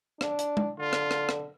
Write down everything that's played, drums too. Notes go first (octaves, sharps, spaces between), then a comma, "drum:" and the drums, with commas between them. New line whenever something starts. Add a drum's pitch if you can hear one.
D4, drum: rim click
drum: hi-hat
drum: tom G#3
D3 F4
drum: rim click
drum: rim click
drum: rim click